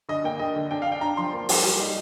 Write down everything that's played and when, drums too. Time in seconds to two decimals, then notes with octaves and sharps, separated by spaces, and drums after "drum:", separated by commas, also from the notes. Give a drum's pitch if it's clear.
0.09 D3 D#5
0.24 A#3 G5
0.39 D3 D#5
0.56 D3
0.71 D4 G5
0.82 F5
0.87 D4 G5
1.01 D4 A#5
1.17 F3 C6
1.33 A#3
1.49 G3, drum: open hi-hat
1.63 G3
1.79 D#4